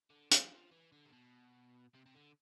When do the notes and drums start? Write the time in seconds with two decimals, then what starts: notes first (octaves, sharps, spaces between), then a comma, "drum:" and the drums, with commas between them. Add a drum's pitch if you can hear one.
0.10 D3
0.31 F3, drum: hi-hat
0.51 F3
0.71 E3
0.92 D3
1.05 C3
1.12 B2
1.94 C3
2.06 C3
2.15 D3